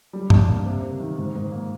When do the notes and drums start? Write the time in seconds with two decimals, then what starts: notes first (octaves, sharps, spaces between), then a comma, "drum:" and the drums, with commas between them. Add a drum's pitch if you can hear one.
0.13 G3
0.30 D4, drum: tom
0.48 A#3
0.66 C3
0.83 C3
1.00 D#3
1.18 G#2
1.35 G#2
1.52 A#3